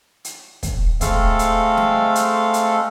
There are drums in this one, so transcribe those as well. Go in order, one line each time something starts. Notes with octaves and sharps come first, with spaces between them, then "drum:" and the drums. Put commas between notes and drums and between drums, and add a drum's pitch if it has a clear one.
drum: hi-hat
drum: kick, hi-hat
G#3 A3 C4 A4 F5, drum: kick, hi-hat
drum: hi-hat
drum: snare
drum: hi-hat
drum: hi-hat